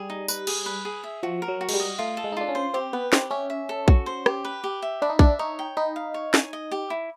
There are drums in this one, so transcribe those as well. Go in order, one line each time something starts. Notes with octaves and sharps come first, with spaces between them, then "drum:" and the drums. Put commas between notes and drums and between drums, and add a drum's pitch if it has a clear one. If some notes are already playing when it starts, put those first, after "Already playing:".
Already playing: G3 G#4
D#4
B4, drum: tambourine
G#4, drum: cymbal
B4
G#4
E5
F3 F#4
A#4
F#3
F#4
G#3, drum: cymbal
G3
D#5
A3 F4
A4
G#3
D#4
D4 F4
C#4
C5
C4 G4
B3 B4
C4 G4, drum: snare
C#4 E5
E5
A4
F#4, drum: kick A#1
C5
G4, drum: rim click
B4
G4
E5
D4 B5
D#4
D4 E5, drum: kick A#1
D#4 C#5
G5
D#4 B5
F5
C#5
G#5, drum: snare
D#5
G4
E4